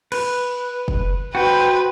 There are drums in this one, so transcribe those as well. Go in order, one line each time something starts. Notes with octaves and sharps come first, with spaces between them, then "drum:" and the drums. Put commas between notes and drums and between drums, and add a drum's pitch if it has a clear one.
B4, drum: cymbal
drum: kick
F#4 B4 C5 G5